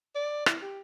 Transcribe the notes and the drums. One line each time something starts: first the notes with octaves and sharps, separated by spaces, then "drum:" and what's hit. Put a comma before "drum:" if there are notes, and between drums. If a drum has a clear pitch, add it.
D5
E4, drum: rim click
G4